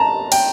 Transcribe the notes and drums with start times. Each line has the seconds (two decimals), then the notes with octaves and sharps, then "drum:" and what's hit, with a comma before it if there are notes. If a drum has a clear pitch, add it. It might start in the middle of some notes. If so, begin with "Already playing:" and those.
Already playing: A5 A#5
0.32 G5, drum: cymbal